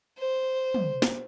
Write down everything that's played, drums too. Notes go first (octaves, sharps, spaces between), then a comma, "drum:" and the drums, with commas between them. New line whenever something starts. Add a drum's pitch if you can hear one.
C5
drum: tom
drum: snare